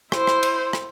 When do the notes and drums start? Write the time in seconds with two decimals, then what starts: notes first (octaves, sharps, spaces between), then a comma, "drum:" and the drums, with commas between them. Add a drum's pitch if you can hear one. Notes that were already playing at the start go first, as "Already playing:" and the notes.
0.12 E4 C5, drum: rim click
0.27 drum: rim click
0.43 drum: cymbal
0.73 drum: rim click